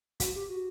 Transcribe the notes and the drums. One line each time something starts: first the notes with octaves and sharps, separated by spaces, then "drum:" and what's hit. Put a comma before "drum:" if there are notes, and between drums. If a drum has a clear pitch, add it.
F#4, drum: kick, hi-hat
G4
F#4